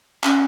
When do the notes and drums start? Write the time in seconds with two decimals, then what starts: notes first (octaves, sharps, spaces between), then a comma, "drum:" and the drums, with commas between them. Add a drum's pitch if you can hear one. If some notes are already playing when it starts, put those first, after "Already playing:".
0.24 C#4, drum: clap